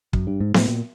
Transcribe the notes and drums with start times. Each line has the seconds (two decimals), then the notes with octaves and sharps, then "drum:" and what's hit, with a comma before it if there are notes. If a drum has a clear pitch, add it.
0.13 F#2, drum: kick
0.27 G2
0.40 G#2
0.54 A2, drum: snare B3
0.68 A#2